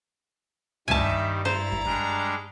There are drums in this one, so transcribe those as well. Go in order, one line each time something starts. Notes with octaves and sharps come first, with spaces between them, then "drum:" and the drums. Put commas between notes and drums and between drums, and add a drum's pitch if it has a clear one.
G2 D#3 G3 E5 G#5 A5, drum: tom
E4 C5 A#5 A6
drum: kick
G3 G#3 D4, drum: kick